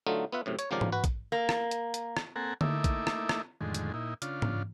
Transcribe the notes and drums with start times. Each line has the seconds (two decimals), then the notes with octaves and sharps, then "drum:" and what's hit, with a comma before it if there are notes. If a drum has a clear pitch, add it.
0.07 D3 F#3 A3 D#4 F4
0.32 B3 F4 E5 F#5
0.46 F#2 A2 C3
0.59 C#5, drum: hi-hat
0.71 G#1 C#3 F3 G4 A#4 D5
0.81 drum: tom G#2
0.92 F#4 B4
1.04 drum: kick, hi-hat
1.32 A#3
1.49 drum: rim click
1.71 drum: hi-hat
1.94 drum: hi-hat
2.17 drum: rim click
2.36 A#3 C4 A4 F#5 G#5 A#5
2.61 A3 A#3 D#4 E4 E5 D6, drum: tom D3
2.84 drum: kick, hi-hat
3.07 drum: rim click
3.29 drum: rim click
3.61 F2 A2 D3 D#3 G#3
3.74 drum: hi-hat
3.94 A#2 D#4 E4
4.22 C#3 D4 F4, drum: hi-hat
4.42 drum: tom G#2